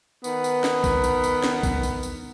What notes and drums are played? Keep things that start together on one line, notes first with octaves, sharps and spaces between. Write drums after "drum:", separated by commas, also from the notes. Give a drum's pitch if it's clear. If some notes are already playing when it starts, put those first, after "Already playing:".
D#3 B3, drum: tambourine
drum: tambourine
drum: snare
drum: kick B1, tambourine
drum: tambourine
drum: tambourine
drum: snare
drum: kick B1, tambourine
drum: tambourine
drum: tambourine